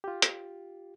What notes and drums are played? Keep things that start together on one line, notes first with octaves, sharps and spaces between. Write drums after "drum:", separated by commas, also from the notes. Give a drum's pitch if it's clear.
F4 G4
drum: hi-hat